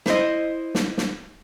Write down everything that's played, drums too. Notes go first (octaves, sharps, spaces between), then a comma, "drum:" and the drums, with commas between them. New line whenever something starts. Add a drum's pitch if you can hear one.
E4 C5 D#5, drum: snare
drum: snare
drum: snare